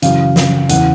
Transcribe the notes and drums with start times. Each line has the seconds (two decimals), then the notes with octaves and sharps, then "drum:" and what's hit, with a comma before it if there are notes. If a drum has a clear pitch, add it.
0.02 F#2 C#3 E3 F5, drum: hi-hat
0.36 drum: snare
0.69 E2 C#3 E3 F#5, drum: hi-hat